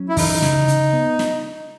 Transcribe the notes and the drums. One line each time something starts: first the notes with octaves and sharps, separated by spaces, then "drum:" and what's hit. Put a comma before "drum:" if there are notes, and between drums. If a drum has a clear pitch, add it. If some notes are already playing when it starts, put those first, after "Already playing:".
Already playing: F#3 C#4
E4
E3 D#4, drum: kick, open hi-hat
C#3, drum: snare
C#3, drum: hi-hat
B3
drum: snare